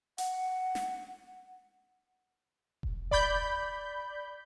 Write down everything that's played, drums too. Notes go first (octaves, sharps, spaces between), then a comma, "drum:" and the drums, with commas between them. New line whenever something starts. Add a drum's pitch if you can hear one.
F#5, drum: hi-hat
drum: snare
drum: kick E1
D5 B5 G6, drum: kick E1